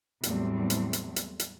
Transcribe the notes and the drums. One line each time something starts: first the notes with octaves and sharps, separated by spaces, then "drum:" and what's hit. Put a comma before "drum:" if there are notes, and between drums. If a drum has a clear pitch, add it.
E2 A2 F#3 G3 A3 C4, drum: hi-hat
drum: hi-hat
drum: hi-hat
drum: hi-hat
drum: hi-hat